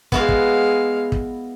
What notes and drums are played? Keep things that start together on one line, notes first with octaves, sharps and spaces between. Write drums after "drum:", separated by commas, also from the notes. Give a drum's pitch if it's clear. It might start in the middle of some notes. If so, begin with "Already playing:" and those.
G#3 B3 E4 F#4 F5, drum: kick
drum: kick
drum: kick